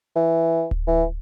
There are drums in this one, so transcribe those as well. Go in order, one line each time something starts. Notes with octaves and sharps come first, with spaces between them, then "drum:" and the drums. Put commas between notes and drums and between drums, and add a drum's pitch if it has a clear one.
E3
drum: kick D1
E3